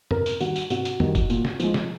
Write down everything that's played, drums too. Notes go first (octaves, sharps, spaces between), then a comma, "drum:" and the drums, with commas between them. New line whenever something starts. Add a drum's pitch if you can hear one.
C3 A#4, drum: tom F2
drum: tambourine
D#3 G3 F#4, drum: tambourine
drum: tambourine
C3 F#4, drum: tambourine
drum: tambourine
D#3 G3, drum: tom F2
drum: kick, tambourine
A#2, drum: tambourine
drum: snare
F3 G#3, drum: tambourine
drum: snare